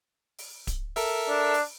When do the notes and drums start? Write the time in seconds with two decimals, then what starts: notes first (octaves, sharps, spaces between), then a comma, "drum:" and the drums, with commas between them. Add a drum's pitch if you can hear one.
0.38 drum: open hi-hat
0.67 drum: kick D1, hi-hat
0.96 A4 A#4 E5, drum: open hi-hat
1.29 D4
1.54 drum: open hi-hat